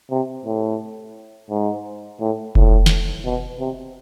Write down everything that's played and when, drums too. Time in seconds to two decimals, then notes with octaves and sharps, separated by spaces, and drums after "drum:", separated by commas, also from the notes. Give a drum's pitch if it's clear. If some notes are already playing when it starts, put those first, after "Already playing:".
0.11 C3
0.45 A2
1.50 G#2
2.20 A2
2.55 A2, drum: kick F1
2.86 drum: snare
3.25 B2
3.59 C3